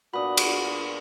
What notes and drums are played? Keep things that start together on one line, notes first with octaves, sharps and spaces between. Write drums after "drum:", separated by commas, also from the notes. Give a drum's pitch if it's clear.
A#2 B3 D4 F#4 B5 D#6
drum: cymbal